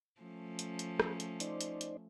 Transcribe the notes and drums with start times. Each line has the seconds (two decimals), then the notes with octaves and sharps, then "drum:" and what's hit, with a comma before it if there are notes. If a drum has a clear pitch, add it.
0.22 F3 A3 C#4
0.59 drum: hi-hat
0.79 drum: hi-hat
1.00 drum: rim click
1.20 drum: hi-hat
1.40 D#4 C5 D5, drum: hi-hat
1.61 drum: hi-hat
1.81 drum: hi-hat